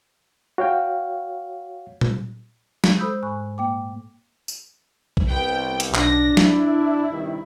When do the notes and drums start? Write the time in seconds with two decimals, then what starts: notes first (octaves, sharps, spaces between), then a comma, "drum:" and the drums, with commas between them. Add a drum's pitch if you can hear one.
0.58 F#4 C#5 F5 G5
2.01 drum: tom A#2
2.84 G#3, drum: snare
2.99 A4 C5 B5 D#6 E6 G6
3.23 G#2 G#5 B5 C#6 F#6
3.58 A#2 A#3 G5 D6
4.48 drum: tambourine
5.17 drum: kick
5.28 C2 B3 G5
5.80 drum: hi-hat
5.95 B1 D4 A#6, drum: clap
6.37 E4, drum: snare
7.10 G2 C3 D#3